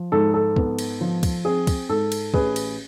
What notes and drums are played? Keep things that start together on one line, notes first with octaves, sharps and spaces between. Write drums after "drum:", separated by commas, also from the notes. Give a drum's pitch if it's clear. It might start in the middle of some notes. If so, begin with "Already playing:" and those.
Already playing: F3
G#2 A4
A4
B3, drum: kick
drum: cymbal
F3
drum: kick, cymbal
C4 G#4
drum: kick, cymbal
G#2 A4
drum: cymbal
A1 G#4 B4, drum: kick
drum: cymbal